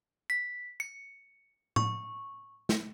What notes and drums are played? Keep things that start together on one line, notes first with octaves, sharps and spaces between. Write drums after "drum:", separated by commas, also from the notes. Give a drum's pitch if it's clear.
B6
C#7
C#6, drum: tom A2
drum: snare